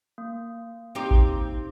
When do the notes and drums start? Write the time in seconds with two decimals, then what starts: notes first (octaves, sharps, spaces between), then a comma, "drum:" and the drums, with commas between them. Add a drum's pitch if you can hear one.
0.18 A#3
0.95 C4 D#4 G4
1.11 drum: kick A1